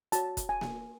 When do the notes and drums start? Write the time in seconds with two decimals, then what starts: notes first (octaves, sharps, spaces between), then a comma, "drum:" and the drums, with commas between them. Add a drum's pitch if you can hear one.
0.12 F#4 C#5 A5, drum: hi-hat
0.37 drum: kick E1, hi-hat
0.49 G#5
0.61 drum: snare A#3